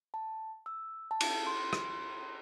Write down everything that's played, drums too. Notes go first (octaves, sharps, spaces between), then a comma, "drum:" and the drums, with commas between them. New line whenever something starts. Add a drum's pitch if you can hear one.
A5
E6
A5
drum: cymbal
C6
drum: rim click